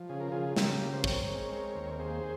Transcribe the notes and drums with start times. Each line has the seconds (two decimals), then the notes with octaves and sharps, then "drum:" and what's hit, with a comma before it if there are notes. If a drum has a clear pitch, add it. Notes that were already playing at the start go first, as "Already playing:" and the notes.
Already playing: F3
0.09 C#3 G#4
0.20 A#4
0.32 C#3 F4 G#4
0.57 C#3 G4 A#4, drum: snare
0.81 C#3
0.93 C5
1.04 C4 A#4 C#5, drum: kick
1.28 G#3
1.52 C4
1.75 D#2
1.92 A#4
1.99 A#3 G#4 C5